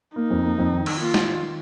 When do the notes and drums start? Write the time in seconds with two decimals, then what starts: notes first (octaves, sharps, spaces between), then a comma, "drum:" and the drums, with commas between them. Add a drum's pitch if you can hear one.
0.16 A#3 D#4
0.30 F2
0.44 A#3
0.59 F2
0.72 D#3
0.86 D#3, drum: cymbal
1.00 A#3 F4
1.14 D#3, drum: snare
1.28 D#3
1.42 D#3